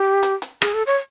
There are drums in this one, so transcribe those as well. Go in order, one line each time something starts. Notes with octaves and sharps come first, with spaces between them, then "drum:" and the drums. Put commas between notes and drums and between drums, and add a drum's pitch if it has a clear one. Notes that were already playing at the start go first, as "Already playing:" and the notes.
Already playing: G4
drum: hi-hat
drum: hi-hat
G#4, drum: rim click
A4
C#5